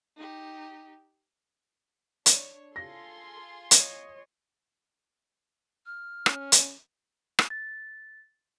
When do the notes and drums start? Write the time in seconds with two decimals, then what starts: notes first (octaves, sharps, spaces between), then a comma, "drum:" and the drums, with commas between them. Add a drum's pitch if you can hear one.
0.16 D#4 G4
2.26 D4 C#5, drum: hi-hat
2.76 F4 G#4 A4 C6 A#6
3.71 C#5 D#5, drum: hi-hat
5.86 F6
6.26 C#4, drum: rim click
6.52 drum: hi-hat
7.39 drum: rim click
7.50 A6